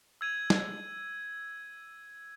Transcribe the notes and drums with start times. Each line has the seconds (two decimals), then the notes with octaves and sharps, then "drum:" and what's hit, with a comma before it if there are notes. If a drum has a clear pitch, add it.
0.21 E6 G#6 D#7
0.50 drum: snare